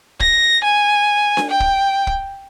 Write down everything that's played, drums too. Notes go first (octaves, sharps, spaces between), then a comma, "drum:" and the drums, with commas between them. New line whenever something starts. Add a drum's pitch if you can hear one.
A#6, drum: kick
G#5
drum: snare D4
G5
drum: kick
drum: kick